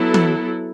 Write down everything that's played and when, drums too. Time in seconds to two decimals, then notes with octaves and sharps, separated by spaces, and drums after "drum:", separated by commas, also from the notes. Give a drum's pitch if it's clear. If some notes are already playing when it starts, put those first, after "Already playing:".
Already playing: F#3 B3 E4 A4
0.14 drum: tom E3